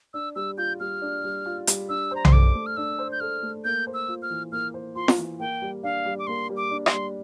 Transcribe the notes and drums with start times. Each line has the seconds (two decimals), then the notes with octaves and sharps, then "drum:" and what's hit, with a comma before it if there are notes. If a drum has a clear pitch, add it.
0.14 D4 E6
0.36 G3 E6
0.58 F4 G6
0.80 G3 F6
1.02 D4
1.24 G3
1.46 F4
1.67 G3, drum: hi-hat
1.89 D4 E6
2.11 C5 A#5
2.25 C6, drum: tom B1
2.33 A4 D6
2.55 A3
2.66 F6
2.77 D4 E6
2.99 C5
3.12 G6
3.20 A4 F6
3.43 A3
3.64 A#3 G6
3.87 C5
3.94 E6
4.08 F4
4.22 F6
4.30 E3
4.52 A#3 F6
4.74 C5
4.96 F4 C6
5.08 drum: snare F4
5.18 E3
5.40 A#3 G5
5.62 G3
5.83 D4 F5
6.05 G3
6.19 D6
6.27 A#3 C6
6.50 G3
6.57 D6
6.71 D4
6.86 C6, drum: rim click
6.93 G3